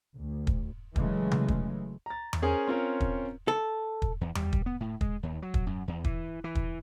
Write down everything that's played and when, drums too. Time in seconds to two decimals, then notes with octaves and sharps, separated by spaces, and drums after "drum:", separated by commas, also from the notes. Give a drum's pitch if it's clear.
0.16 D2
0.47 drum: kick
0.96 C#3 E3 F#3 G#3 A3, drum: kick
1.31 drum: tom C3
1.48 drum: kick
2.06 A#5 A6
2.33 drum: tom E2
2.42 C#4 G#4 A#4 C5 G#5
2.67 C4 C#4 F4 A#4 C#5
3.00 drum: kick
3.48 A4
4.02 drum: kick
4.21 E2
4.35 G3, drum: tom E2
4.53 drum: kick
4.66 B3
4.80 A2
5.01 G#3, drum: kick
5.23 D#2
5.42 F#3
5.54 drum: kick
5.67 F#2
5.88 E2
6.04 E3, drum: kick
6.44 E3
6.55 drum: kick